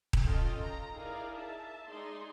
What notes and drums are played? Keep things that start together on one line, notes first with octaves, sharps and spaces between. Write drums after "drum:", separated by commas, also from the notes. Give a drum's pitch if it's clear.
drum: kick D#1
C#4 F4 A4 D#5 F5 G5
A#5
D#4 E4 G#4 A#4 D5 F5
E5 A5
G#3 D#4 G#4 D5 C6